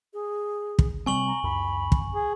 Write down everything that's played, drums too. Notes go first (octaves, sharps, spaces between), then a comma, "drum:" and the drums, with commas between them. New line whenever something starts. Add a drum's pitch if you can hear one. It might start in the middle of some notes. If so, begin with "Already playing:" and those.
G#4
drum: kick
C3 G3 C4 G#5 C#6 F#7
A#5
C#2 F#2 B5
drum: kick
G#4